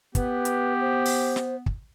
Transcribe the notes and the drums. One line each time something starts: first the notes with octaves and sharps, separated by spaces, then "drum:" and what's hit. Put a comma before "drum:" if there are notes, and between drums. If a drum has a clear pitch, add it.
B3 G4 B4, drum: kick, hi-hat
drum: hi-hat
C5
drum: open hi-hat
drum: snare
drum: kick